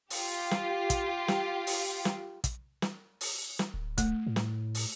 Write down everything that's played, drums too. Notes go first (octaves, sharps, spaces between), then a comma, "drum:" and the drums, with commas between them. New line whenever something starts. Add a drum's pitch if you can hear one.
F4 G4, drum: open hi-hat
drum: snare
drum: kick, hi-hat
drum: snare
drum: open hi-hat
drum: snare
drum: kick, hi-hat
drum: snare
drum: open hi-hat
drum: snare
D1
A3, drum: kick, hi-hat
A2
drum: snare
drum: open hi-hat